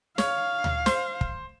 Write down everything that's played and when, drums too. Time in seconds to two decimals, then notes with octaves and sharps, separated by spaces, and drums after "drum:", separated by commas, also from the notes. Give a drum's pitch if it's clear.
0.18 C#5 F5, drum: snare
0.64 drum: tom D2
0.86 C5, drum: snare
1.21 drum: kick